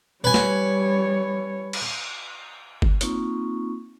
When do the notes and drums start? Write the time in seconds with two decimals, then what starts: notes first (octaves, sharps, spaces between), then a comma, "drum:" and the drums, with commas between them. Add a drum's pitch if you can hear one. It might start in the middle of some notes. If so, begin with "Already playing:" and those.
0.24 G3 B4 C#5 G#5
0.34 drum: snare
1.73 drum: cymbal
2.82 drum: kick G1
3.01 A#3 C4 D#4 F4 C#6, drum: hi-hat